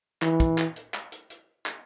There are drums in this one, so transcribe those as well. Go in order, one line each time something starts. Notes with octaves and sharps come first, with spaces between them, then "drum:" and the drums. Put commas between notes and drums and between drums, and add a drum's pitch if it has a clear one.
E3, drum: clap
drum: kick, hi-hat
drum: clap
drum: hi-hat
drum: clap
drum: hi-hat
drum: hi-hat
drum: clap